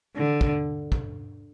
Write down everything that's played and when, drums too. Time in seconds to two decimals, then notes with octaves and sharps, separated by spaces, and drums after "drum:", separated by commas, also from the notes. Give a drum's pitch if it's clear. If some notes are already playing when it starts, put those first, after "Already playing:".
0.16 D3
0.41 drum: kick
0.92 drum: kick